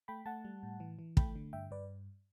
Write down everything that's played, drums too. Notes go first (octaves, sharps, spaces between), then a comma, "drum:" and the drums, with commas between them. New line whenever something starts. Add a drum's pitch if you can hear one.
A3 G5 B5
A3 F#5 A5
G3
A2
E3
E3
A3 G5 B5, drum: kick
D3
G2 E5 G5
G2 B4 D5